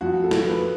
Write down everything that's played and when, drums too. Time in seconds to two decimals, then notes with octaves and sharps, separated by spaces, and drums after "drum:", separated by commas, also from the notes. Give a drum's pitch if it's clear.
0.01 F2 F#4
0.24 A4
0.31 F3, drum: snare
0.47 B4